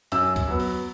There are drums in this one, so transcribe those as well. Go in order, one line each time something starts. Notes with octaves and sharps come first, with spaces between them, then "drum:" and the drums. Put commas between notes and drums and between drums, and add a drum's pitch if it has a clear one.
F#2 E6, drum: hi-hat
drum: kick C#2, hi-hat
F#3 B3
drum: open hi-hat